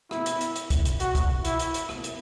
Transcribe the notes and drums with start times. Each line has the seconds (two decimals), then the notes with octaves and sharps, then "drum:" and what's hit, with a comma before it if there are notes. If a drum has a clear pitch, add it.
0.11 E4, drum: rim click
0.26 drum: hi-hat
0.41 drum: hi-hat
0.56 drum: hi-hat
0.70 drum: kick, hi-hat
0.85 drum: hi-hat
1.00 F#4, drum: hi-hat
1.15 drum: kick, hi-hat
1.45 E4, drum: hi-hat
1.59 drum: hi-hat
1.74 drum: hi-hat
1.89 drum: rim click
2.04 drum: hi-hat